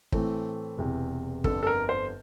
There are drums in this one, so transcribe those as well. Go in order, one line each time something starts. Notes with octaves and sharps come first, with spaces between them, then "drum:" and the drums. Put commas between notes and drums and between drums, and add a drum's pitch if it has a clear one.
A2 E3 A3 C4 E4, drum: kick
E1 E2 C3
G1 F2 D3 A4, drum: kick
A4
A#4
C5